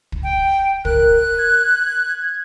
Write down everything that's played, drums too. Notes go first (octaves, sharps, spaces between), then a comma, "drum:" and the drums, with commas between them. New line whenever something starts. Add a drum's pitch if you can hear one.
drum: kick
G5
A#4 F#6, drum: kick
G#6
G#6